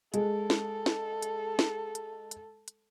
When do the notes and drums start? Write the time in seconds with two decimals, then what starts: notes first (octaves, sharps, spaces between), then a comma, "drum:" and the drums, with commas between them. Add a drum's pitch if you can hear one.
0.14 G#3 A4, drum: hi-hat
0.50 drum: snare
0.86 drum: snare
1.23 drum: hi-hat
1.59 drum: snare
1.95 drum: hi-hat
2.31 drum: hi-hat
2.68 drum: hi-hat